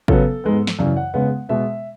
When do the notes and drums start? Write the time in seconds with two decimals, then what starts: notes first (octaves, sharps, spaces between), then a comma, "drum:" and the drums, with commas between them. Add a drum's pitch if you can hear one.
0.08 C#3 F#3 B3 A4, drum: kick
0.44 G#2 G#3 B3
0.67 drum: snare
0.79 F#2 C#3 E3 D5
0.97 F#5
1.14 C#3 G#3 B3 F#5
1.49 B2 G#3 B3 E5